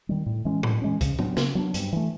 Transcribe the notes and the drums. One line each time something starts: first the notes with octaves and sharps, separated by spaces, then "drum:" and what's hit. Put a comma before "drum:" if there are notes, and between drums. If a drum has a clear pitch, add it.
D#3 G3
A2
E3 G#3 C#4
A2, drum: tom A2
E3 G#3 C#4
C#3, drum: kick, hi-hat
F#3 B3 D4, drum: tom A2
C#3, drum: snare
F#3 B3 D4
G2, drum: hi-hat
E3 A3